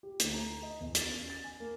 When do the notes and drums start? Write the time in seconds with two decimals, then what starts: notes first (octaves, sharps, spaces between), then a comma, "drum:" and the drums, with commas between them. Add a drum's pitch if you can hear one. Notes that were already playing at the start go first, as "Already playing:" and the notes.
0.03 G4
0.20 D2, drum: hi-hat
0.34 A#5
0.63 D#5
0.80 E2
0.95 A6, drum: hi-hat
1.09 C#4
1.30 A6
1.44 G#5
1.60 A#3